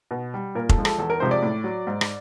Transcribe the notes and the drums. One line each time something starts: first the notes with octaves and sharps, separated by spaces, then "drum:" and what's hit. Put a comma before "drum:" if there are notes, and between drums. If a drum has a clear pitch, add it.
B2
G3
A#2 A#4
A4, drum: kick F1
F3 G#3
A4, drum: rim click
E2 A4
A#4
C3 F3 G#3 C5
D5
A2
F#3
G#2
drum: rim click